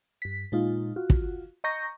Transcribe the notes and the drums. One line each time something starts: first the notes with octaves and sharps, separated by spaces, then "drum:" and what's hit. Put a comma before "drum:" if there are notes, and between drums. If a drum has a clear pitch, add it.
G2 B6
A#2 G#3 D#4 F4
F4 F#4
drum: kick
D#5 A#5 C#6 G6 A#6